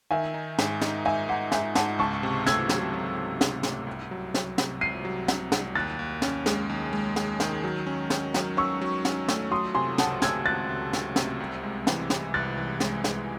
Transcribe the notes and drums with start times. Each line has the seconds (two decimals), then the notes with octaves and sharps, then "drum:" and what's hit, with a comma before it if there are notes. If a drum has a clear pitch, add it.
0.11 D#3 E5 G#5
0.34 D#4
0.58 G#2, drum: snare
0.81 D#4, drum: snare
1.05 D#4 E5 G#5
1.29 G#2 F#5
1.52 G#2 E5 G#5, drum: snare
1.75 G#2 F#5 A5, drum: snare
1.99 C#2 A5 C#6
2.23 C3
2.46 A3 E6 G#6, drum: snare
2.69 F#3, drum: snare
2.93 F#3
3.17 F#3
3.41 C3, drum: snare
3.63 C3, drum: snare
3.87 C2
4.11 F#3
4.34 F#3, drum: snare
4.58 C3, drum: snare
4.81 C2 C7 D#7
5.05 F#3
5.28 C2, drum: snare
5.52 C2, drum: snare
5.75 D#2 F#6 A6
5.99 D#2
6.22 C#4, drum: snare
6.46 G#3, drum: snare
6.69 D#2
6.93 G#3
7.16 G#3, drum: snare
7.40 D#3, drum: snare
7.64 F#3
7.87 C#4
8.10 C#4, drum: snare
8.34 F#3, drum: snare
8.57 C#4 C#6 E6
8.81 F#3
9.05 C#4, drum: snare
9.28 A3, drum: snare
9.51 F#3 C6 D#6
9.75 C3 G#5 C6
9.98 C#2 F#5 A5, drum: snare
10.22 A3 E6 G#6, drum: snare
10.46 C#2 F#6 A6
10.69 C#2
10.93 C#2, drum: snare
11.16 C3, drum: snare
11.40 C2
11.63 G#3
11.87 E3, drum: snare
12.10 C3, drum: snare
12.34 C2 F#6 A6
12.58 E3
12.80 G#3, drum: snare
13.04 G#3, drum: snare